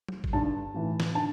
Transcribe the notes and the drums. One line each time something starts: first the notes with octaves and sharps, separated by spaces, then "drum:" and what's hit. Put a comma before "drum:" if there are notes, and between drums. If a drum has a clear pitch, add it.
drum: tom F#3
drum: kick
G2 D3 A5
A2 E3
drum: snare
D3 A5